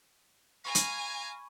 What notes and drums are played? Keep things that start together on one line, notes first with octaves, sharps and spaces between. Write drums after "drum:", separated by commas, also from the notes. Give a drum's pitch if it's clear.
F5 G#5 A#5 B5 C#6
drum: hi-hat